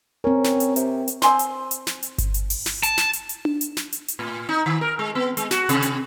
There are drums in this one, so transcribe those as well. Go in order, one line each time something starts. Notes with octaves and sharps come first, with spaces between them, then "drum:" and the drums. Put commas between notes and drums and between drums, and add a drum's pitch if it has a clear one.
C4 C#4 A#4
drum: snare
drum: hi-hat
C3, drum: hi-hat
drum: hi-hat
C4 G#5 C6, drum: snare
drum: hi-hat
drum: hi-hat
drum: snare
drum: hi-hat
drum: kick G1, hi-hat
drum: hi-hat
drum: open hi-hat
drum: snare
A5, drum: hi-hat
drum: snare
drum: hi-hat
drum: hi-hat
drum: tom D4
drum: hi-hat
drum: snare
drum: hi-hat
drum: hi-hat
A2
D#4
D#3
A#4
G#3
B3
G#3, drum: hi-hat
F#4, drum: snare
C3, drum: hi-hat
drum: hi-hat